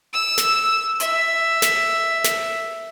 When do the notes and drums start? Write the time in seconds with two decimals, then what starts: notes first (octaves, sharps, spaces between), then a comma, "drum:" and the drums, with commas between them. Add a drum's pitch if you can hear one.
0.13 E6
0.38 drum: snare
1.00 E5, drum: hi-hat
1.62 drum: snare
2.24 drum: snare